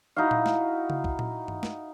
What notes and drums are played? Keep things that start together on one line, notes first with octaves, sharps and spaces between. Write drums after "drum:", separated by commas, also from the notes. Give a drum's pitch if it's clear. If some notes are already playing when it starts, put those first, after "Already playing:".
D#4 E4 F#4 F5
drum: tom A#2
drum: snare
drum: tom C#3
drum: kick
drum: tom A#2
drum: tom G2
drum: snare